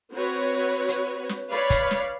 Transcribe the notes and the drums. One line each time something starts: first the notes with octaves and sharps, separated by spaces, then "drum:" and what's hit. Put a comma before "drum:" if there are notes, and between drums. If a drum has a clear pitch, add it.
C4 F#4 B4 C#5
drum: hi-hat
drum: snare
B4 C#5 D5 F5 B5
drum: kick, hi-hat
drum: snare